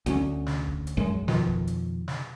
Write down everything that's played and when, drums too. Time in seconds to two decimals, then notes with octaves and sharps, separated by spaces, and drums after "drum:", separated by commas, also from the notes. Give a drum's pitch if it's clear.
0.06 D2 G#3 C#4, drum: hi-hat
0.46 drum: snare
0.67 drum: kick D1
0.87 drum: hi-hat
0.97 A#1 F#2 G#3
1.28 F2 B2 D#3 F3, drum: snare
1.47 drum: kick D1
1.67 drum: hi-hat
2.08 drum: snare